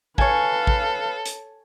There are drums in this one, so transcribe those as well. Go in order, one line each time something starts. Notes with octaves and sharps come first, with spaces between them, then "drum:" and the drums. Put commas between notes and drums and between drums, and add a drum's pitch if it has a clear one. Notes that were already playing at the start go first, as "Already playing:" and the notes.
A4 B4 C#5 F5 G#5, drum: kick A1
drum: kick A1
drum: hi-hat